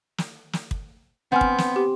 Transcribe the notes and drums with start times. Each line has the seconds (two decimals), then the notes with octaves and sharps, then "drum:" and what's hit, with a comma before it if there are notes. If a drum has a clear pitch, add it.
0.18 drum: snare
0.53 drum: snare
0.71 drum: kick
1.32 B3 C4 F#5 G#5 F6
1.41 drum: kick
1.58 drum: snare
1.76 G4